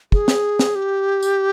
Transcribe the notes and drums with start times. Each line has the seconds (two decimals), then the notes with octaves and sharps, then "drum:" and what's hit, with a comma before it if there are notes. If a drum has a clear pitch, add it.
0.12 G#4, drum: kick
0.28 drum: snare
0.59 drum: snare
0.75 G4
1.23 drum: tambourine